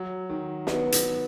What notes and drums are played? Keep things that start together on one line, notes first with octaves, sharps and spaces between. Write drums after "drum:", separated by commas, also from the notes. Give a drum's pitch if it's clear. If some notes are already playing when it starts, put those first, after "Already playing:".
Already playing: F#3
D#3
B3, drum: snare
drum: hi-hat